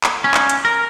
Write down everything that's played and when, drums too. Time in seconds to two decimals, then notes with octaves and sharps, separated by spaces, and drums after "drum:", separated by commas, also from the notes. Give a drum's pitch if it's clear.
0.04 drum: clap
0.24 C#4
0.34 drum: clap
0.49 drum: hi-hat
0.65 A#4